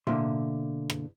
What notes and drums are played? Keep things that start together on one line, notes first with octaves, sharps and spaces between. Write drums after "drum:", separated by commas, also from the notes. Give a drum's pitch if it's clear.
B2 D3 F#3 A#3 E5 C6, drum: tom A2
drum: rim click